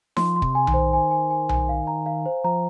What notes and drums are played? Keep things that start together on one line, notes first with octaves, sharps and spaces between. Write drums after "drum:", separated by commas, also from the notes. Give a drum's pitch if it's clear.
F3 C6, drum: snare D#4
C6
C3, drum: kick
G#5
D#3, drum: tom B1
C5
G#5
G#5
G#5
G#5, drum: tom B1
F5
A#5
F5
C5
F3 A#5